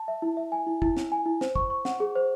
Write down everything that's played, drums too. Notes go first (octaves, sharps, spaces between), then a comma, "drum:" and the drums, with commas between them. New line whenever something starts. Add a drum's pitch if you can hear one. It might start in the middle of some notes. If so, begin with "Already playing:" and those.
Already playing: A5
E5
E4
E5
G#5
E4
E4, drum: kick
E4, drum: snare
G#5
E4
C5, drum: snare
C#6, drum: kick
C#6
F#5, drum: snare
G#4
C5